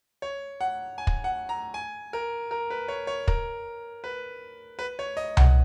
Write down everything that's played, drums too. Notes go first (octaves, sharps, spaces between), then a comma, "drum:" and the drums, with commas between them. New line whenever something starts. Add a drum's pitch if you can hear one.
C#5
F#5
G#5
drum: kick
F#5
A#5
G#5
A#4
A#4
B4
C#5
C#5
A#4, drum: kick
B4
B4
C#5
D#5
F#5, drum: tom C2